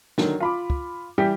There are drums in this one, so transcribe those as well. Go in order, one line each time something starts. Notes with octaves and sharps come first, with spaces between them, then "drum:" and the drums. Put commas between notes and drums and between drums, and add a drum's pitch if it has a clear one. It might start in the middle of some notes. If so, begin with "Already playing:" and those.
D3 D#3 F#3, drum: snare
F4 B5 D6
drum: kick
E3 G3 G4